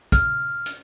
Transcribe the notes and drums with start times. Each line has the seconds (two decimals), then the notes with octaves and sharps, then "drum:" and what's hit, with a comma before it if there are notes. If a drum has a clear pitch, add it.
0.12 F6, drum: kick, hi-hat
0.66 drum: hi-hat